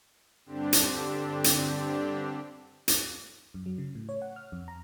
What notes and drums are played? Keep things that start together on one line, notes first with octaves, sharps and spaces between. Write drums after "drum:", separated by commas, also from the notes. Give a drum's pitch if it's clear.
G2 D3 C4 D4 G4
drum: hi-hat
drum: hi-hat
drum: hi-hat
F#2
F#3
C#3
A2
C#5
F#5
F6
F2
A#5